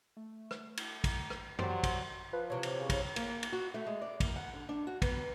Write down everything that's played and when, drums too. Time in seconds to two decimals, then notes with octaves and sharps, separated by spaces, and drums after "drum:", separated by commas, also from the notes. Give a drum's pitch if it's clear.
0.17 A3
0.51 drum: rim click
0.77 drum: cymbal
1.04 drum: kick, cymbal
1.30 drum: rim click
1.59 F#3 G4 C5 D5 C6, drum: tom
1.83 drum: kick, cymbal
2.33 F3 B4
2.50 C3 E3 C#5
2.63 drum: cymbal
2.80 C#3
2.90 drum: kick, cymbal
3.16 A#3, drum: cymbal
3.43 drum: cymbal
3.52 F#4
3.74 A3
3.86 G#3
4.02 D5
4.20 A#3, drum: kick, cymbal
4.36 F#5
4.53 D3
4.69 D4
4.87 F#4
5.02 B3, drum: kick, cymbal